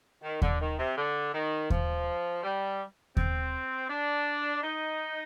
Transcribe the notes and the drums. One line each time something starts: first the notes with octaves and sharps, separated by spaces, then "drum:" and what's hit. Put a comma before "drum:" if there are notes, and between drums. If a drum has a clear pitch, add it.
D#3
D3, drum: kick D#2
D#3
C3
D3
D#3
F3, drum: kick D#2
G3
C4, drum: kick D#2
D4
D#4